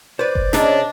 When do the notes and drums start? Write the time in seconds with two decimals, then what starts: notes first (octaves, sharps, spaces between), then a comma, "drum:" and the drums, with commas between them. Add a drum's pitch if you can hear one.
0.19 B4 C5 D5
0.35 drum: kick F#1
0.53 C3 C#4 D4 G#4 C#5 D#5 A#5, drum: snare